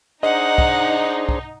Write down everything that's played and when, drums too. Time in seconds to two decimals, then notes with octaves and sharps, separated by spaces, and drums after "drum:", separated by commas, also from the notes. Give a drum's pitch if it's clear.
0.23 D4 D#4 G#4 C5 D#5 F#5
0.58 drum: kick
1.29 drum: kick